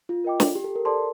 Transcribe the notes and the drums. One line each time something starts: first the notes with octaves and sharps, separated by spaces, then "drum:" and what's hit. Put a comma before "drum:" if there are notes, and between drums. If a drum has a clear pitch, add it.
F4
A#4 D#5 G5 D6
drum: snare
G4
A4
A#4
A4 C5 D5 A5 C6